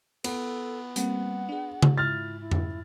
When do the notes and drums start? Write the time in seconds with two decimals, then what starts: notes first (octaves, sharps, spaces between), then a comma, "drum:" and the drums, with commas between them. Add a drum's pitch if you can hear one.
0.24 B3 A4, drum: cymbal
0.96 G3 A#3 C4 F#5, drum: hi-hat
1.49 D4 G#4
1.82 drum: tom C#3
1.98 G#2 E4 F4 F6 A6
2.40 E4
2.51 drum: tom F2